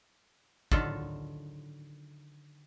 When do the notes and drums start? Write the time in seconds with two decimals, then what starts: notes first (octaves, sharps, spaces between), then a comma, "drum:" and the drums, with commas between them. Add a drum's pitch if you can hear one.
0.72 D3 D#3 F#3 F4 A4, drum: kick